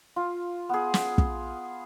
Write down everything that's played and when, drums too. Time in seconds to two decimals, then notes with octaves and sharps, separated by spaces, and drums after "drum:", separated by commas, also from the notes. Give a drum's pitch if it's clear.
0.16 F4
0.69 B3 G#4
0.94 drum: snare
1.18 drum: kick